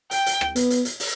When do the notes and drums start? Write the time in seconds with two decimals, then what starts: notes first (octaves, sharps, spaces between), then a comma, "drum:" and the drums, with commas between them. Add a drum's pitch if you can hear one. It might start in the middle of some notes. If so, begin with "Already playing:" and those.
0.11 G5, drum: hi-hat
0.26 drum: hi-hat
0.41 drum: rim click
0.56 B3, drum: hi-hat
0.70 drum: hi-hat
0.85 drum: hi-hat
1.00 drum: open hi-hat